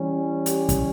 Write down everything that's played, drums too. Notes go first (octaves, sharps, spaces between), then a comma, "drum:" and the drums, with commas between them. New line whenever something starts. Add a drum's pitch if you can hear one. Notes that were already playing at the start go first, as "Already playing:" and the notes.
Already playing: E3 G3 C#4
G4, drum: hi-hat
drum: kick, hi-hat